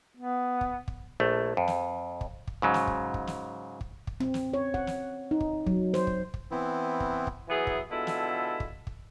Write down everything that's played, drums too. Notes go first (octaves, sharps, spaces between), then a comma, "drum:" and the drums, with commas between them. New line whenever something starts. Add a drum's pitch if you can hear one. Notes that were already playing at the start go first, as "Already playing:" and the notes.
B3
drum: kick
drum: kick
A#1 A3
F2
drum: snare
drum: kick
drum: kick
G#2 C#3 F#3
drum: snare
drum: kick
drum: kick
drum: snare
drum: kick
drum: kick
C4, drum: tom
drum: snare
C#5
F#5, drum: kick
drum: snare
D#4
drum: kick
F#3, drum: kick
C5, drum: snare
drum: kick
drum: kick
E3 B3 C4 E4
drum: kick
drum: kick
E3 F#3 B3 G#4 B4 E5
drum: kick
B2 D3 G#3 E4 F4 A4
drum: snare
drum: kick
drum: kick